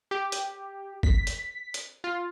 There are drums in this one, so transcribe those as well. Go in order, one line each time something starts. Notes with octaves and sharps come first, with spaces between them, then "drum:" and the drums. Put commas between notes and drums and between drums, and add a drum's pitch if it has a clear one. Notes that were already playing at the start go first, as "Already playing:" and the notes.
G4
drum: hi-hat
B6, drum: kick
drum: hi-hat
drum: hi-hat
F4